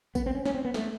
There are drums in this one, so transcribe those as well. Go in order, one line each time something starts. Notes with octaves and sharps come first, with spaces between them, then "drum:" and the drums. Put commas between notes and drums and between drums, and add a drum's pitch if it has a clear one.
B3, drum: kick, tambourine
C4
C#4
C#4, drum: snare
C4
B3
A3, drum: snare